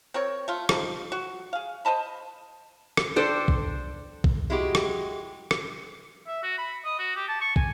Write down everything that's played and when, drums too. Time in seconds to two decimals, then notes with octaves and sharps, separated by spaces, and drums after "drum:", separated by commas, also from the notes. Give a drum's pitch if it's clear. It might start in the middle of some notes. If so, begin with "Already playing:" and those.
0.14 C4 A#4 C#5
0.48 A3 F4
0.69 F3 D#4, drum: rim click
1.12 F#4
1.53 G#4 F5
1.85 C5 D#5 A5 B5
2.97 drum: rim click
3.16 D4 A4 C5 G5
3.48 drum: kick
4.24 drum: kick
4.50 G#3 E4 F#4 G4
4.75 drum: rim click
5.51 drum: rim click
6.27 E5
6.43 F#4
6.58 B5
6.84 D#5
6.99 F#4
7.16 G4
7.28 A5
7.41 C#6
7.56 G#5, drum: kick